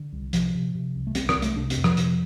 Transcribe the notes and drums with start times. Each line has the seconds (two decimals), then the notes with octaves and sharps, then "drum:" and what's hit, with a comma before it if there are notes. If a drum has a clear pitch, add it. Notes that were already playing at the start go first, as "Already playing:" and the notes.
Already playing: D3
0.13 C2
0.33 C3 F3, drum: hi-hat
0.55 C3
0.75 C3
0.95 C2
1.07 A3
1.15 C2 C4, drum: hi-hat
1.29 C4, drum: rim click
1.35 C2
1.42 A3, drum: hi-hat
1.56 C3 D4
1.70 C4, drum: hi-hat
1.77 F2
1.84 F3, drum: rim click
1.97 C3, drum: hi-hat